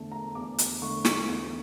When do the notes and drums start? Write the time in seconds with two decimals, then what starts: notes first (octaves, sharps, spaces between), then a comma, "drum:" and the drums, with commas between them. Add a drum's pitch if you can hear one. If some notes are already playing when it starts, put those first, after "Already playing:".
Already playing: E2 D3 A3 A5
0.12 A#5
0.35 E2 D6
0.58 drum: hi-hat
0.82 D3 A3 C#6
1.05 C#6, drum: snare
1.28 E2 C#6